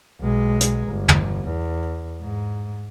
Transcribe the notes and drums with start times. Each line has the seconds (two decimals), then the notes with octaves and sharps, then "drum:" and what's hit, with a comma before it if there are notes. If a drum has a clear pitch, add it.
0.20 B1 G#3
0.61 drum: hi-hat
0.89 G1
1.08 drum: tom
1.44 E2
2.22 G#2